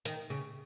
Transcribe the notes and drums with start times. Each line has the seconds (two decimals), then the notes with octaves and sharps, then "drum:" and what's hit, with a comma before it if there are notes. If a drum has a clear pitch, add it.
0.05 D#3, drum: hi-hat
0.30 C#3